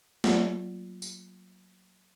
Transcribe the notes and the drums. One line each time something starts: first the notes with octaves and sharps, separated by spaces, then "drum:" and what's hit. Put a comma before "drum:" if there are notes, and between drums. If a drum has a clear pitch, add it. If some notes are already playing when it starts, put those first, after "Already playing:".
F#3 A3 A#3 F4 D5 F#5, drum: snare
drum: tambourine